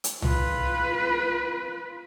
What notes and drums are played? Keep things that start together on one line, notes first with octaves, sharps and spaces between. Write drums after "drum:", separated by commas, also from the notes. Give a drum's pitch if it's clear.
drum: hi-hat
F4 B4, drum: tom C2